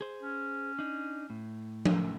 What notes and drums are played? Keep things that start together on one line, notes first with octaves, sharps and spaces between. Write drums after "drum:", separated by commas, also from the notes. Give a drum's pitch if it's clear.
G#4 C5
C#4
D4 D#4
A2
drum: tom F3